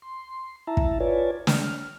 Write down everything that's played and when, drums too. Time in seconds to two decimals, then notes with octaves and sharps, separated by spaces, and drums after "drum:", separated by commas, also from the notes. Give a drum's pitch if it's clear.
0.02 C6
0.67 E4 E5 A5 A#5
0.77 drum: kick
1.00 F4 B4 C#5 D5 G#5 A5
1.47 F6, drum: snare